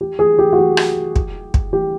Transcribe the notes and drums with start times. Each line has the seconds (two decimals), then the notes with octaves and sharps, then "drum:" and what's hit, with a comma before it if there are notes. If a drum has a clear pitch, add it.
0.01 G4
0.19 G#4
0.39 G4
0.53 F#4
0.59 G4
0.77 drum: rim click
1.16 drum: kick
1.54 drum: kick
1.73 G4